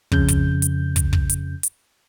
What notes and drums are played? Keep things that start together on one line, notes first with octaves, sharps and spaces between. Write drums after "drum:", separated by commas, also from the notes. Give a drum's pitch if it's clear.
F2 C#3 G6, drum: kick
drum: kick, hi-hat
drum: hi-hat
drum: kick, hi-hat
drum: kick
drum: hi-hat
drum: hi-hat